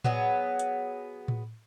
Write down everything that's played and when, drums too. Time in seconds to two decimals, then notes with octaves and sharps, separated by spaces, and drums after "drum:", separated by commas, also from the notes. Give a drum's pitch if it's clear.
0.04 F#3 B3 G#4, drum: tom A2
0.59 drum: hi-hat
1.28 drum: tom A2